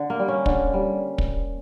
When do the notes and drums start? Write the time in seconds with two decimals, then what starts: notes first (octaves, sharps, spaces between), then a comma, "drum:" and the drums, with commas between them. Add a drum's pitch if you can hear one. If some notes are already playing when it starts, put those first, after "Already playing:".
Already playing: D3
0.10 A#3
0.19 G3
0.28 C#4
0.46 D3, drum: kick
0.74 G3
1.18 drum: kick